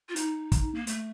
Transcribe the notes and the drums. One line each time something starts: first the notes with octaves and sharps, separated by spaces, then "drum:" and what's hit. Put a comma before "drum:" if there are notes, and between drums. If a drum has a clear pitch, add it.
F4
D#4, drum: hi-hat
drum: kick, hi-hat
A#3
A3, drum: hi-hat